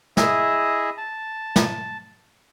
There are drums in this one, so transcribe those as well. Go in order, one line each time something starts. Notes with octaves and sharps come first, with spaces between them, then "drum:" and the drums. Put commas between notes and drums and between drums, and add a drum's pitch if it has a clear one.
E4 G#4 D#5 E5, drum: snare
A5
drum: snare